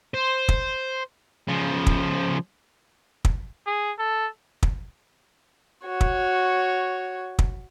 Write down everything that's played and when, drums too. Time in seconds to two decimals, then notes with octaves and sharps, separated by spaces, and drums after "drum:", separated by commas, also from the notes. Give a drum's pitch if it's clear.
0.14 C5
0.49 drum: kick
1.49 C#3 F3
1.87 drum: kick
3.25 drum: kick
3.66 G#4
3.98 A4
4.63 drum: kick
5.85 F#4 C#5
6.01 drum: kick
7.39 drum: kick